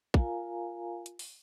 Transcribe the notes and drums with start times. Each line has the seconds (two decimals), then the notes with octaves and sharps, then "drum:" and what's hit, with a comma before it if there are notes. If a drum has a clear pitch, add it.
0.14 F4 A#4 F5 G#5 A#5, drum: kick
1.06 drum: hi-hat
1.19 drum: open hi-hat